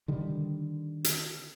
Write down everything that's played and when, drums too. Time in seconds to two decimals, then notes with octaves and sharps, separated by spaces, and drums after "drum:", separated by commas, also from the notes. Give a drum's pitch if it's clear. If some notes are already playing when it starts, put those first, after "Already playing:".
0.08 D3 D#3 G3
1.04 drum: hi-hat